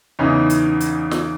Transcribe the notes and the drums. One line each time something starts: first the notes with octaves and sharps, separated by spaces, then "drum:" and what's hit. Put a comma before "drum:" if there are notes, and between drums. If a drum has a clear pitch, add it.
E2 C#3 E3 C#4 D#4
drum: hi-hat
drum: hi-hat
drum: snare